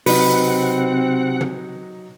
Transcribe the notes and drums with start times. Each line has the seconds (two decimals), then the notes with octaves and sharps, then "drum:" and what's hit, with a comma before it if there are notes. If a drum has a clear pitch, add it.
0.06 C3 F#3 C4 D#4 B4 F#5, drum: open hi-hat
1.41 drum: tom